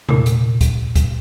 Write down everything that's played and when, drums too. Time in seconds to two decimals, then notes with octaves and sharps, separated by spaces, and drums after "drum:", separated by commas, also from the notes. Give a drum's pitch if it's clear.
0.09 E2 A#2, drum: tom C3
0.26 drum: hi-hat
0.61 drum: kick D2, hi-hat
0.96 drum: kick D2, hi-hat